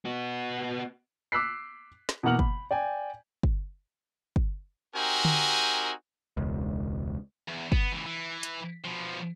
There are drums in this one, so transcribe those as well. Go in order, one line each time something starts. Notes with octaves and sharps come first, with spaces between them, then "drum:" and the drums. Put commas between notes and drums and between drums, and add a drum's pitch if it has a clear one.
B3 F#4
D6 E6 F#6 B6 C7
drum: snare
B2 E3 A#3 F#5 F6 F#7
B5, drum: kick
D5 G5 G#5
drum: kick
drum: kick
C4 D#4 F#4 G4 A#4 G#5
drum: tom D3
E1 C#2
E2
B3, drum: kick
C#2 E3
E3
drum: hi-hat
B2 F3